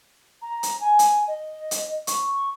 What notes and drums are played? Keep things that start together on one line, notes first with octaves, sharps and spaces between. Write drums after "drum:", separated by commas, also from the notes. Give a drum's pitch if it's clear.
A#5
drum: hi-hat
G#5
drum: hi-hat
D#5
drum: hi-hat
C#6, drum: hi-hat